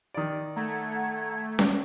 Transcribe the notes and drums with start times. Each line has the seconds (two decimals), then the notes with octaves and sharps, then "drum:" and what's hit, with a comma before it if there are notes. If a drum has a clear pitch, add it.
0.14 D#3 D5
0.56 A3 F#5 A#5 G#6
1.59 drum: snare C#4